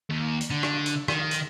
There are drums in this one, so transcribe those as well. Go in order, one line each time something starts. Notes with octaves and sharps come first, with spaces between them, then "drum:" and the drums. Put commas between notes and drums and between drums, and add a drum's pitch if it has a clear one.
D#2
drum: hi-hat
D3
drum: rim click
drum: hi-hat
D#3, drum: rim click
drum: hi-hat